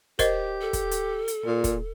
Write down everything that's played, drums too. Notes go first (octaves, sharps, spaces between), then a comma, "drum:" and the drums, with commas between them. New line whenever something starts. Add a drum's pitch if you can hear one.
G4 A#4 C5 D#5, drum: kick, hi-hat
A4
drum: kick, hi-hat
drum: hi-hat
drum: hi-hat
A#2
drum: kick, hi-hat